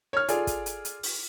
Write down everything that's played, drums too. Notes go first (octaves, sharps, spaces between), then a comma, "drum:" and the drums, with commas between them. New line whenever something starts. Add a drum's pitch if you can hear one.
C#5 F6
F4 G#4 A4 D5, drum: hi-hat
drum: kick, hi-hat
drum: hi-hat
drum: hi-hat
drum: open hi-hat